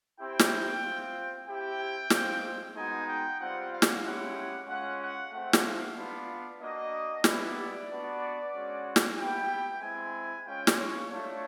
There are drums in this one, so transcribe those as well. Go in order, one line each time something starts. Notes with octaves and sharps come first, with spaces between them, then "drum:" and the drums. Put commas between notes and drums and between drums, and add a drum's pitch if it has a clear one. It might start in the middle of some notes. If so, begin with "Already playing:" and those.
C4 E4 G4 G5
drum: snare
C4 F4
C4 E4 G4 G5
G#3 C4 F4, drum: snare
G#3 B3 D#4 F#4 G#5
G5
G3 C4 F4 F#5
F5
drum: snare
G#3 C#4 E4 G4 F#5
G#3 C#4 F4 F#5
F#5
A3 C4 F4 F#5
drum: snare
F5
B3 D4 F4
A#3 D4 F#4 D#5
B3 E4 G4 D5, drum: snare
B3 D4 F#4
G#3 C#4 F#4
drum: snare
B3 E4 G4 G5
G#3 C4 E4 G#5
G#3 C#4 F4 G5
drum: snare
C#5
A3 D4 F4 C#5